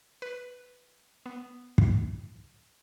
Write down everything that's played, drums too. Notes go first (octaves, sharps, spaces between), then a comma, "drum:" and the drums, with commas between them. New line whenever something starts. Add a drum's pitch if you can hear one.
B4
B3
drum: kick